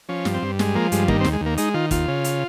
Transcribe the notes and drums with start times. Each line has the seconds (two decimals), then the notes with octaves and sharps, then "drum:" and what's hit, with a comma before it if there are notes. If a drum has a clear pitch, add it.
0.09 F3 C#4
0.25 G2, drum: snare
0.34 C4
0.42 G2
0.59 G#3, drum: snare
0.75 F3 A#3
0.92 G2 G#3, drum: hi-hat
1.08 D#3 A#3, drum: kick
1.21 C4
1.24 D#2, drum: snare
1.33 G#3
1.41 D#2 A#3
1.57 G#3 D#4, drum: hi-hat
1.74 D#3 F4
1.91 D#2 F4, drum: kick, hi-hat
2.08 C#3
2.24 drum: hi-hat